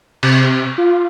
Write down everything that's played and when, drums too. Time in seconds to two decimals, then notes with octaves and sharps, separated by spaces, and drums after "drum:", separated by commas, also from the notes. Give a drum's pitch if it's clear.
0.23 C3, drum: cymbal
0.78 F4